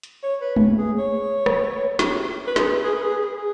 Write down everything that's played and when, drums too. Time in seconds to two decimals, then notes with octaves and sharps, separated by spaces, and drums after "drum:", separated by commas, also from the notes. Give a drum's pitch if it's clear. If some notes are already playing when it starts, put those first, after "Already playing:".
0.03 drum: hi-hat
0.23 C#5
0.41 B4
0.56 drum: tom
0.78 G#4
0.98 C#5
1.46 drum: rim click
1.99 drum: snare
2.47 B4
2.56 G#4, drum: snare
2.66 B4
2.84 G#4
2.93 B4
3.02 G#4
3.22 G#4